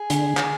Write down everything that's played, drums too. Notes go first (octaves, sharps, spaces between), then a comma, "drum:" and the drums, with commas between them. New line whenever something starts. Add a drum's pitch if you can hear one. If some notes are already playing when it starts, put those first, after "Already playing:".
Already playing: G#4
D3, drum: hi-hat
drum: clap